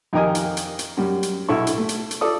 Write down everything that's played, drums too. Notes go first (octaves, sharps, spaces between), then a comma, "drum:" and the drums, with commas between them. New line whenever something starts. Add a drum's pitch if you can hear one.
F2 D#3 G4 A#4 D#5 G#5
drum: hi-hat
drum: hi-hat
drum: hi-hat
F#2 G3
drum: hi-hat
B1 E4 A4 C#6
drum: hi-hat
A3
drum: hi-hat
drum: hi-hat
A4 D5 D#6